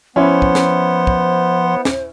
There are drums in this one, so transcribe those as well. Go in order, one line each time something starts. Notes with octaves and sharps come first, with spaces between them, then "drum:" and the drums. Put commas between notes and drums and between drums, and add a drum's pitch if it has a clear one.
F3 B3 C#4 E4 C5 F#5 C6
drum: kick
drum: snare
drum: kick
drum: snare